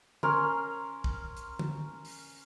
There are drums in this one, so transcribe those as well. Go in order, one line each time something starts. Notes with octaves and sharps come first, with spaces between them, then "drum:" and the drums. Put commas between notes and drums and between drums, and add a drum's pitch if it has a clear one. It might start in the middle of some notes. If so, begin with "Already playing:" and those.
C#4 A#4 C6, drum: tom D3
drum: kick
drum: hi-hat
drum: tom D3
drum: open hi-hat